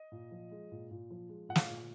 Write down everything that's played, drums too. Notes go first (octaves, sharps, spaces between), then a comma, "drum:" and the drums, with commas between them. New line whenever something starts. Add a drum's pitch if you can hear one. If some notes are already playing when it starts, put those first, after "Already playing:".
Already playing: D#5
A#2
F3
G#3
A#2
A#2
F3
G#3
A#2 F#5
F5, drum: snare
A#2